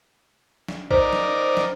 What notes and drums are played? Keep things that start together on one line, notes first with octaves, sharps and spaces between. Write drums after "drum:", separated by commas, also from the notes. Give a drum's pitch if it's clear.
drum: snare
D#4 A#4 C5 D5, drum: kick
drum: snare
drum: snare